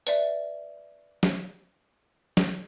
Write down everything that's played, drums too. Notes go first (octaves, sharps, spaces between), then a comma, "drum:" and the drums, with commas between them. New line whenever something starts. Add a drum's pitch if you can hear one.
B4 D5 E5, drum: tambourine
drum: snare
drum: snare